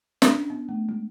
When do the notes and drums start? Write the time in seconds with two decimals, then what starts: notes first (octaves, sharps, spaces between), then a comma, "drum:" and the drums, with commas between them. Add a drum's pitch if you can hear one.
0.22 D4, drum: snare
0.30 C#4
0.50 B3
0.69 A3
0.89 G#3